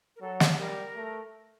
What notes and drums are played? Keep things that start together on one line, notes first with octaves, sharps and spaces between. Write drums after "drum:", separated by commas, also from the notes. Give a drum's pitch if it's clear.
A#4
F#3 A4
drum: snare
G3 A#4
A3